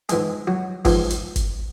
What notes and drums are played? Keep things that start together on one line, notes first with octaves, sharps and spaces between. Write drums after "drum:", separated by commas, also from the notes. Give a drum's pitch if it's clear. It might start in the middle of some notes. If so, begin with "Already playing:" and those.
G#2 E3 G#3 G#4, drum: hi-hat
F#3 F#4
G#2 E3 F3 G#3 F4, drum: kick G1, open hi-hat
drum: hi-hat
drum: kick G1, hi-hat